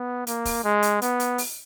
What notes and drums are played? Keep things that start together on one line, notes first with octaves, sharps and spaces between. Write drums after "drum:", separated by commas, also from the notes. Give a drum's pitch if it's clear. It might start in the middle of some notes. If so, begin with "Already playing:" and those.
Already playing: B3
A#3, drum: hi-hat
drum: kick, open hi-hat
G#3
drum: hi-hat
B3, drum: hi-hat
drum: hi-hat
drum: open hi-hat